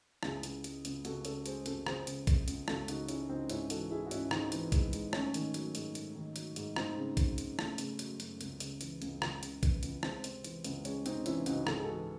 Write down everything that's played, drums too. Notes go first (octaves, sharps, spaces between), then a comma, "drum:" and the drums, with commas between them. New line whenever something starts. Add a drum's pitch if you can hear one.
C#2 E4 G#4, drum: rim click
C#3, drum: hi-hat
G#3, drum: hi-hat
C#2, drum: hi-hat
C#2 F#4 A4, drum: hi-hat
C#3 A4 C#5, drum: hi-hat
G#3 G#4 C5, drum: hi-hat
C#2 F#4 A4, drum: hi-hat
C#2 G#4 C5, drum: rim click
C#3, drum: hi-hat
G#3, drum: kick A#1, hi-hat
C#2, drum: hi-hat
C#2 F#4 A4, drum: rim click
C#3 D#4 F#4, drum: hi-hat
G#3 C#4 E4, drum: hi-hat
C#2 C4 D#4
G#2 C#4 E4, drum: hi-hat
E3 F#4 A4, drum: hi-hat
G#3 E4 G#4
F#4
G#2 C#4 E4, drum: hi-hat
G#2 C4 D#4, drum: rim click
E3, drum: hi-hat
G#3, drum: kick A#1, hi-hat
G#2, drum: hi-hat
A3 C#4, drum: rim click
D#3, drum: hi-hat
F#3, drum: hi-hat
G#2, drum: hi-hat
A3, drum: hi-hat
D#3
F#3, drum: hi-hat
G#2, drum: hi-hat
A3 C4 D#4, drum: rim click
C#3
F#3, drum: kick A#1, hi-hat
F#2, drum: hi-hat
A3, drum: rim click
C#3, drum: hi-hat
F#3, drum: hi-hat
F#2, drum: hi-hat
C#2, drum: hi-hat
C#3, drum: hi-hat
E3, drum: hi-hat
C#2, drum: hi-hat
C#2, drum: rim click
C#3, drum: hi-hat
E3, drum: kick A#1, hi-hat
C#2, drum: hi-hat
G#3 C4, drum: rim click
C3, drum: hi-hat
E3, drum: hi-hat
C#2, drum: hi-hat
G#3 C#4, drum: hi-hat
C3 C4 D#4, drum: hi-hat
E3 C#4 E4, drum: hi-hat
C#2 D#4 F#4, drum: hi-hat
G#2 A4, drum: rim click
G#4
E3 F#4 A4